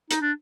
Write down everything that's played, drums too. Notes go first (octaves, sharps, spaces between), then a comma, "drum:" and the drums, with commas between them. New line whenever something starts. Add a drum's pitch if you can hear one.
D#4, drum: hi-hat
D4